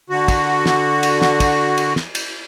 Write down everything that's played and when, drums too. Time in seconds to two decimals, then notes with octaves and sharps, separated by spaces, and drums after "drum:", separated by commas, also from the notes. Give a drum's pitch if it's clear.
0.10 D3 F#4
0.28 drum: kick, cymbal
0.66 drum: snare
1.03 drum: cymbal
1.22 drum: snare
1.40 drum: kick, cymbal
1.78 drum: cymbal
1.96 drum: snare
2.15 drum: cymbal